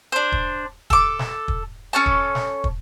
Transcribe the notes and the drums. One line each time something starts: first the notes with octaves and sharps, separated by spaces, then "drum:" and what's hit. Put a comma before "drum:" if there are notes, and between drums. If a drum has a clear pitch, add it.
D4 C5
drum: kick
A4 D6, drum: kick
drum: snare
drum: kick
C#4 A4 C#5 A5
drum: kick
drum: snare
drum: kick